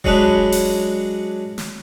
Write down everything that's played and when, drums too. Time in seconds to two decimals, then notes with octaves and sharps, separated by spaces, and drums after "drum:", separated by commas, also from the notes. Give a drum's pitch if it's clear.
0.04 F#3 G#3 C#4 D4 G#4 B4, drum: kick D#1
0.52 drum: open hi-hat
1.58 drum: snare